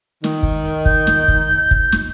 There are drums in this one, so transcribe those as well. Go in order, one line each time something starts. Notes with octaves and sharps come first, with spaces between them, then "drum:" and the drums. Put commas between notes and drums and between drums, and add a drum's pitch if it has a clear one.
D#3, drum: snare
drum: kick
G6, drum: kick
drum: snare
drum: kick
drum: kick
drum: snare